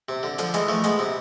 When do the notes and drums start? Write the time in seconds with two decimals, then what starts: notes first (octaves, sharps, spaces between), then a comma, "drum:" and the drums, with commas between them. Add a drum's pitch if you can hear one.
0.09 C3
0.23 D3
0.38 D3 F3, drum: hi-hat
0.54 E3 G#3, drum: hi-hat
0.68 F3 A3
0.84 G#3 B3, drum: hi-hat
0.99 C3